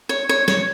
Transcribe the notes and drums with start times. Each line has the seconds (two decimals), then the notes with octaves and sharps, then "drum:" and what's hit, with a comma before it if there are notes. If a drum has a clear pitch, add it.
0.09 C#5
0.29 C#5
0.48 C#5, drum: snare